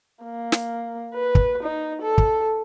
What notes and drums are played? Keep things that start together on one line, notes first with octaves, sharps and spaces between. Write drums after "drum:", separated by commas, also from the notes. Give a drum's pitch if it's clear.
A#3
drum: snare
B4
drum: kick
D#4
A4
drum: kick